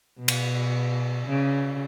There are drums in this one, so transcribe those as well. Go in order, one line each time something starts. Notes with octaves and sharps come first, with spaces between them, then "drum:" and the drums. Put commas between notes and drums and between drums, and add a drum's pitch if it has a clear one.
B2
drum: cymbal
C#3